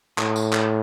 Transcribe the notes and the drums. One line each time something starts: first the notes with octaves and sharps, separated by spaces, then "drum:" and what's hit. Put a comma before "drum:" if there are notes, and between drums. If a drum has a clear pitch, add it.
A2, drum: clap
drum: tambourine
drum: clap